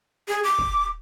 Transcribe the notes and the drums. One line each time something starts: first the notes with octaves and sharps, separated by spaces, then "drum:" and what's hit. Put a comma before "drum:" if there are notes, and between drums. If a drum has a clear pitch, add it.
G#4
D6
drum: kick